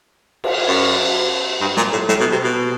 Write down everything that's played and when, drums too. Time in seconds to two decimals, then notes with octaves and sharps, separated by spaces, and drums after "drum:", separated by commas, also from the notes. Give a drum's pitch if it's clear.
0.44 drum: cymbal
0.68 F#2
1.61 G2
1.77 A#2, drum: snare
1.92 A2
2.09 A2, drum: snare
2.20 B2
2.32 C3
2.44 B2